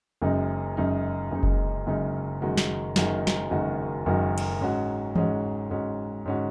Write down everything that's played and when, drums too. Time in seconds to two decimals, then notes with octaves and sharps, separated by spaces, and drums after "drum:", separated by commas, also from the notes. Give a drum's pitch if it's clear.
0.22 F#1 F#2 C#3 G#3 D#4
0.77 F#1 F#2 C#3 G#3 D#4
1.31 F#1 F#2 C#3 G#3 D#4
1.43 drum: kick F1
1.87 F#1 F#2 C#3 G#3 D#4
2.42 F#1 F#2 D#3 G#3 F#4
2.57 drum: snare
2.96 F#1 F#2 D#3 G#3 F#4, drum: snare
3.27 drum: snare
3.51 F#1 F#2 D#3 G#3 F#4
4.06 F#1 F#2 D#3 G#3 F#4
4.38 drum: cymbal
4.61 G#2 G#3 C#4 F#4
5.15 G#2 G#3 C#4 F#4, drum: tom E3
5.70 G#2 G#3 C#4 F#4
6.25 G#2 G#3 C#4 F#4